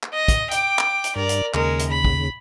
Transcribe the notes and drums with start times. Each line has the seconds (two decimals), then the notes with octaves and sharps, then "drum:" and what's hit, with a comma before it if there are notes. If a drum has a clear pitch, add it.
0.03 drum: clap
0.13 D#5
0.28 drum: kick, hi-hat
0.51 G5 D6, drum: hi-hat
0.79 drum: clap
1.04 drum: hi-hat
1.16 G2 A#4 D5
1.29 drum: hi-hat
1.54 D#2 C#3 G#3 A#4, drum: clap
1.79 drum: hi-hat
1.89 B5
2.04 drum: kick